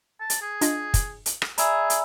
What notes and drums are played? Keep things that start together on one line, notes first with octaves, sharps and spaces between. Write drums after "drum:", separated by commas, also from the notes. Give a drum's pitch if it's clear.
A5
drum: hi-hat
G#4
D4 F4 D#5, drum: hi-hat
drum: kick, hi-hat
drum: hi-hat
drum: rim click
G#4 D5 E5 G#5 A#5 B5 E6, drum: hi-hat
drum: hi-hat